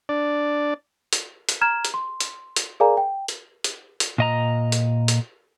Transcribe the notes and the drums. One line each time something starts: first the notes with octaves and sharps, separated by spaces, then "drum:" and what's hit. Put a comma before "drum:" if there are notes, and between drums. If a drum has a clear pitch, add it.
D4 D5
drum: hi-hat
drum: hi-hat
A#5 F6 G#6 E7
drum: hi-hat
C6
drum: hi-hat
drum: hi-hat
G#4 A#4 D5 F5 G#5 A#5
G5
drum: hi-hat
drum: hi-hat
drum: hi-hat
A#2 D#5 A#5
drum: hi-hat
drum: hi-hat